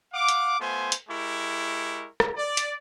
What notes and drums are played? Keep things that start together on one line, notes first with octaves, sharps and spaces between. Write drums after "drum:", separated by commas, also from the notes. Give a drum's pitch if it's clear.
F5 F#5 D6
drum: hi-hat
A3 B3 F4 C5 G#5
drum: hi-hat
G#3 E4 G4 A#4 C#6
drum: rim click
D5
drum: hi-hat